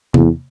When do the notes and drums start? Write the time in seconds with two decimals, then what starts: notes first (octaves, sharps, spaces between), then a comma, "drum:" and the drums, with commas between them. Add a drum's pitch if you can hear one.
0.14 E2, drum: tom C3